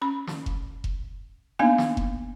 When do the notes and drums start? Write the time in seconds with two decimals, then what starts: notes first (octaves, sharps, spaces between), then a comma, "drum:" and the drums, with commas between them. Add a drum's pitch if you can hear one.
0.02 C#4 B5
0.27 drum: snare
0.46 drum: kick F1
0.84 drum: kick F1
1.59 A#3 B3 D4 D#4 F5 G#5
1.78 drum: snare
1.97 drum: kick F1